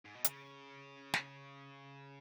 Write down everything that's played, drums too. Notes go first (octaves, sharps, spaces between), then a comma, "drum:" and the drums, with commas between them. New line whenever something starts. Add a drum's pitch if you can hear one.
G#2
B2
C#3, drum: hi-hat
drum: snare